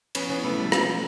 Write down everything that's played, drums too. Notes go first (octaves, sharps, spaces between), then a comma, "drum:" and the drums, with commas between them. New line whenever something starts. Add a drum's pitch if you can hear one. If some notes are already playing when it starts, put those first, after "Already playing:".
F3 B3 C#4, drum: cymbal
C3 B3 C#4
A3 B3 C#4
F3 G3 A3
F3, drum: rim click
F3